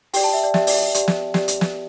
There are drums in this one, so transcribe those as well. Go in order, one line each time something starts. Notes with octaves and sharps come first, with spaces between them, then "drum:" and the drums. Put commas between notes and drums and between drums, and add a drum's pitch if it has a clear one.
G4 D5 G5, drum: open hi-hat
A5
E5
D5
G4 D5 E5, drum: snare
D5, drum: open hi-hat
E5
G4 D5, drum: hi-hat
drum: snare
G4 D5, drum: snare
drum: hi-hat
drum: snare